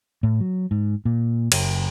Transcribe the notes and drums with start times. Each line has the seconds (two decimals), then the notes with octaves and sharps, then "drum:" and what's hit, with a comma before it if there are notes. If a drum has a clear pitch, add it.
0.23 A2
0.41 F#3
0.71 G#2
1.05 A#2
1.52 F#1, drum: cymbal